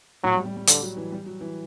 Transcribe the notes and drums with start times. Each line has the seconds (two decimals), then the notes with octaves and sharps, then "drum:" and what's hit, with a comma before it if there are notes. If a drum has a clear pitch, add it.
0.24 A2 F#3
0.35 G3
0.45 G3
0.57 G3
0.67 D3, drum: hi-hat
0.82 F#3
0.97 E3
1.12 G3
1.26 F#3
1.41 E3